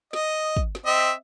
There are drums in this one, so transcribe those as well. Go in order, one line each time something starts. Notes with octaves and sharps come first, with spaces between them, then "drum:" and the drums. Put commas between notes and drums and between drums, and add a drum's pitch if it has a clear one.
D#5, drum: snare
drum: kick
drum: snare
C4 D#5 E5